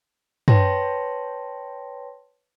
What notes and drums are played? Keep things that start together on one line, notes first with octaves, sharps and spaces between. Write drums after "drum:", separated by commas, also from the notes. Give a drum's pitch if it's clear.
B4 C#5 G5 A5 C6 A#6, drum: tom